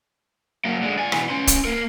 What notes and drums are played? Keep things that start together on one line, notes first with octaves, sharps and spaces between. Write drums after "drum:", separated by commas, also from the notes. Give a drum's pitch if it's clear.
F#3 A#3
D3 G#3
D5 G#5
B2 E3, drum: rim click
C#4 C6
drum: kick, hi-hat
A#3 A#4